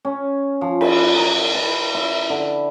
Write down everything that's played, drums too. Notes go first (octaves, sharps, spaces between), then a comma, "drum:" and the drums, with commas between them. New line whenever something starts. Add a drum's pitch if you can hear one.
C#4
F3
B5, drum: cymbal
A#5
B4
E4
D3